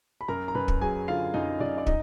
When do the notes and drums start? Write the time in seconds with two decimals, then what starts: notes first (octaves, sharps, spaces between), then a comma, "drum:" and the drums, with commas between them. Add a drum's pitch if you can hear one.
0.21 B5
0.28 F#2 A#4 A#5
0.48 A#5
0.55 F#2 B4 B5
0.68 drum: kick
0.81 F#3 G#4 G#5
1.08 D3 F4 F5
1.34 F#2 D#4 D#5
1.60 F#2 D5
1.78 D5
1.87 D#4 D#5, drum: kick